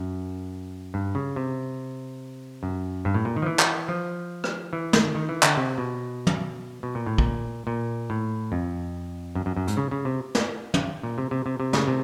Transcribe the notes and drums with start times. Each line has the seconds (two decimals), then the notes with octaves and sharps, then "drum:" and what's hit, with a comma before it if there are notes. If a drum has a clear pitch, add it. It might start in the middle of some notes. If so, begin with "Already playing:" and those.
Already playing: F#2
0.94 G2
1.15 C#3
1.36 C3
2.63 F#2
3.05 G2
3.14 A2
3.25 A#2
3.36 D#3
3.42 F3
3.46 E3
3.59 drum: clap
3.88 F3
4.44 drum: rim click
4.73 E3
4.93 D#3, drum: snare
5.15 D#3
5.29 E3
5.43 D3, drum: clap
5.57 C3
5.78 B2
6.27 drum: tom
6.83 B2
6.95 A#2
7.06 A2
7.18 A#2, drum: kick
7.67 A#2
8.10 A2
8.52 F2
9.35 F#2
9.46 F#2
9.56 F#2
9.68 G#2, drum: hi-hat
9.77 C#3
9.91 C#3
10.05 C3
10.35 drum: snare
10.74 drum: tom
11.03 A#2
11.18 C3
11.31 C3
11.46 C3
11.60 C3
11.73 C#3, drum: snare
11.88 C3